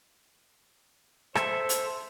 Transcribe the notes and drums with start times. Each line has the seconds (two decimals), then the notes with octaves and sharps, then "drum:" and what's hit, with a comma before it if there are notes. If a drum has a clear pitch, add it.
1.35 A4 C5 E5, drum: rim click
1.69 drum: hi-hat